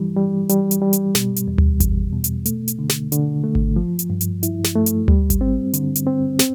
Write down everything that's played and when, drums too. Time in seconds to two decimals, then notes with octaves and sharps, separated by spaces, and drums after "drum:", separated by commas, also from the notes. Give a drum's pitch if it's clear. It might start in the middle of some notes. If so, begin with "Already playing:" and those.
Already playing: E3 G3
0.16 G3
0.49 G3, drum: hi-hat
0.71 drum: hi-hat
0.82 G3
0.93 drum: hi-hat
1.15 B2, drum: snare
1.36 drum: hi-hat
1.48 E2
1.58 drum: tom D2
1.80 E2, drum: kick G#1, hi-hat
2.13 B2
2.24 drum: hi-hat
2.46 A3, drum: hi-hat
2.68 drum: hi-hat
2.79 D3
2.89 drum: snare
3.12 D3, drum: hi-hat
3.44 A3
3.55 drum: kick G#1
3.76 F3
3.99 drum: hi-hat
4.10 G2
4.21 drum: hi-hat
4.43 E4, drum: hi-hat
4.64 drum: snare
4.75 A3
4.86 drum: hi-hat
5.08 G3, drum: tom D2
5.30 drum: kick G#1, hi-hat
5.41 C4
5.74 D3, drum: hi-hat
5.96 drum: hi-hat
6.07 C4
6.39 C4, drum: snare